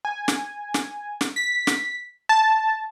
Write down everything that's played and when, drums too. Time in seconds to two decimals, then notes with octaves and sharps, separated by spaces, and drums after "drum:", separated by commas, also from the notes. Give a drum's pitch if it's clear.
0.05 G#5
0.28 drum: snare
0.74 drum: snare
1.21 drum: snare
1.36 B6
1.67 drum: snare
2.29 A5